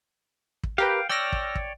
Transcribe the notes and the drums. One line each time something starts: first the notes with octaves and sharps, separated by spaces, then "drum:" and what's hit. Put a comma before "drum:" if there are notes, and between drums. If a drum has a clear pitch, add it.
drum: kick
G4 A#4 B4 F5 G5
C#5 D5 G5 E6 F6 A#6
drum: kick
drum: kick